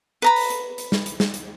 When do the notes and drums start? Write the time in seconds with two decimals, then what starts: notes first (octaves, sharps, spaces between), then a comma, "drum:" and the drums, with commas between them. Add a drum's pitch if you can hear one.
0.22 B4 A#5 B5
0.36 drum: open hi-hat
0.50 drum: hi-hat
0.78 drum: hi-hat
0.92 drum: snare
1.06 drum: hi-hat
1.20 drum: snare
1.34 drum: hi-hat